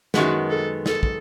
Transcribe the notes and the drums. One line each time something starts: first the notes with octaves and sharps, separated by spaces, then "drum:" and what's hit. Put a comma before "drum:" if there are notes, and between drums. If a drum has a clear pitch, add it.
F#2 D#3 G#3 B3 F#4, drum: snare
A4
A4, drum: snare
drum: kick